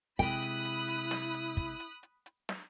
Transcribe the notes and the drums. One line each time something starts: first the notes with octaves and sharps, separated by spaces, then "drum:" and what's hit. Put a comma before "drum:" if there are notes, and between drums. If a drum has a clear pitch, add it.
C3 G#3 E4 G5 B5 D#6 F#6, drum: kick, hi-hat
drum: hi-hat
drum: hi-hat
drum: hi-hat
drum: snare
drum: hi-hat
drum: kick, hi-hat
drum: hi-hat
drum: hi-hat
drum: hi-hat
drum: snare